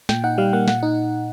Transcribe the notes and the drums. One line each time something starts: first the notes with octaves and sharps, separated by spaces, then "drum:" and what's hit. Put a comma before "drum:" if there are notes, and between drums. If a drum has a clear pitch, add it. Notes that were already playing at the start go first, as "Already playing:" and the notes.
A#2 G5, drum: snare
D#4 F#5
G3 F5
A#3 F#5
A#2 F#5, drum: snare
D#4